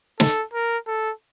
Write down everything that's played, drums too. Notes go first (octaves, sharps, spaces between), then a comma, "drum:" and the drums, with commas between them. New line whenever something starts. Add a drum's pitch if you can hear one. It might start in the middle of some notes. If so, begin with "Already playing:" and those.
A4, drum: snare
A#4
A4